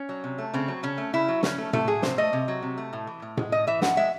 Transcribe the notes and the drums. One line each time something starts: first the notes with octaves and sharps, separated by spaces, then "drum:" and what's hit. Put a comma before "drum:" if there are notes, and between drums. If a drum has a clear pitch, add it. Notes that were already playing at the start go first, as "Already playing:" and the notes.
Already playing: C#4
F#3
C3
A3
C#3 C4
F#3
C#3 C#4
A3
C#3 E4
F#3
C#3 C#4, drum: snare
A3
C3 A3, drum: tom A2
F#3 G#4
C3 C5, drum: snare
A3 D#5
C3
F#3
C3
A3
A2
E3
A2
G#3, drum: tom A2
A2 D#5
E3 E5
A2 F#5, drum: snare
G#3 E5